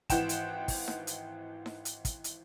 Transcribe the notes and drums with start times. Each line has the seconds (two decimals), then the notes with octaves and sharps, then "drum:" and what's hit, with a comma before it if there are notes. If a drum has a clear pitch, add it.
0.10 G#1 E3 F#5 G5 E7, drum: kick, hi-hat
0.29 drum: hi-hat
0.68 drum: kick, open hi-hat
0.88 drum: snare D#4
1.07 drum: hi-hat
1.66 drum: snare D#4
1.85 drum: hi-hat
2.05 drum: kick, hi-hat
2.24 drum: hi-hat